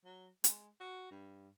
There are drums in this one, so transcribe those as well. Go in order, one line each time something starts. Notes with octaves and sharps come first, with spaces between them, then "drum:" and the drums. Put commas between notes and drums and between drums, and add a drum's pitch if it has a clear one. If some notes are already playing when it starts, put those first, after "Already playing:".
F#3
G#3, drum: hi-hat
F#4
G2